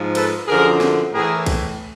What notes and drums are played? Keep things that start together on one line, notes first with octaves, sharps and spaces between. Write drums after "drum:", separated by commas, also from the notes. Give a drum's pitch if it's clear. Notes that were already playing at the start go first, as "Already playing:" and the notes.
Already playing: G#2 F3
A4 B4, drum: cymbal
F#2 D3 F3 G#4 A#4
drum: snare
A2 E3 G#4 A#4
drum: kick B1, cymbal